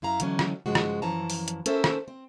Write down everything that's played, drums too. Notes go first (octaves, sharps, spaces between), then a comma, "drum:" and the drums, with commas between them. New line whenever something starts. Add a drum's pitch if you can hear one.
F#2 E4 F5 A#5
D3 E3 F#3 G#3 C#4, drum: hi-hat
drum: rim click
G2 C#3 F3 G#3 F#4
drum: rim click
F#2 E3 F3 C#4 A5 A#5
drum: open hi-hat
drum: hi-hat
C#4 A4 A#4 C5 E5, drum: hi-hat
drum: rim click
C4